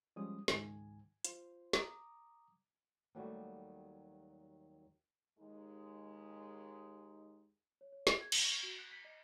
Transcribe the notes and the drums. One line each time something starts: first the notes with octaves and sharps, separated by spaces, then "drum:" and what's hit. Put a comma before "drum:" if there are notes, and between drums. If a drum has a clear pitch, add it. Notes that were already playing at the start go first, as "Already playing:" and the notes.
F3 G3 G#3 C#4 D#6
C#2 G#2 D#3 G#5, drum: snare
F4 C5, drum: hi-hat
A#5 D6 D#6, drum: snare
D#2 D#3 F#3 G3 A3 F#4
D#2 G#3 D#4
C#5
C#5
G#4, drum: snare
G#6
A5, drum: cymbal
C#6
F#4
F#6
B6
D#5